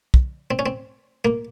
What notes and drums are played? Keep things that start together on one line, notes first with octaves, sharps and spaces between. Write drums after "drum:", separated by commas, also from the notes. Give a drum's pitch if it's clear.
drum: kick
C4
C#4
C4
A#3